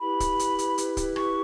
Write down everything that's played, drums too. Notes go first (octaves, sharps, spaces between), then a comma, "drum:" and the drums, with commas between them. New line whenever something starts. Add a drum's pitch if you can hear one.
E4 G4 B4 B5
drum: kick C#1, hi-hat
drum: hi-hat
drum: hi-hat
drum: hi-hat
drum: kick C#1, hi-hat
C#6, drum: rim click